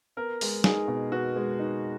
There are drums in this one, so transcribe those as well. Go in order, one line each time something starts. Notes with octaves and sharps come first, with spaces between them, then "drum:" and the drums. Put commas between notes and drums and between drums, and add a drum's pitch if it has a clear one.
B3 A#4
G#3, drum: open hi-hat
D#4 G#4, drum: snare
B2
B3 F#4
G#3
D#4